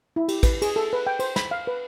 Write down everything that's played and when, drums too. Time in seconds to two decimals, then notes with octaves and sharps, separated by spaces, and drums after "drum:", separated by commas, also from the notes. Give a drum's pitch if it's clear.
0.16 E4
0.28 G4, drum: cymbal
0.43 B4, drum: kick, cymbal
0.62 G#4, drum: cymbal
0.76 A4
0.93 B4
1.07 G5
1.19 C5, drum: cymbal
1.36 B5, drum: snare
1.51 F5
1.67 B4